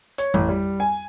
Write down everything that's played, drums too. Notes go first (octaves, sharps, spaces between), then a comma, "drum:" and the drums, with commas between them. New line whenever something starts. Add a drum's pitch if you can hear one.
C#5, drum: hi-hat
A1, drum: tom F2
G3
G#5